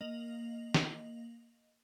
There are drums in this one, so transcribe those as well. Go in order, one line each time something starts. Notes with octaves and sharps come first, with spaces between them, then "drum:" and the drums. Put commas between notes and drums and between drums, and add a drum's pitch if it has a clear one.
A#3 D#5 F7 F#7
drum: snare